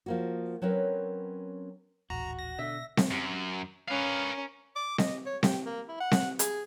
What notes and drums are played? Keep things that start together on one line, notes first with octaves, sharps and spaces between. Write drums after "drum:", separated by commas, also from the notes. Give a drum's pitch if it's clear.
F3 A#3 F#4
F#3 C4 C#4 A#4 B4
D#1 A1 F#4 A#5
A#6
B2 D3 E5
drum: snare C4
F#2
C#4 A#4 B4 F5
D6
D#5, drum: snare C4
C#5
G4, drum: snare C4
A#3
E4
F#5
drum: snare C4
G#4, drum: hi-hat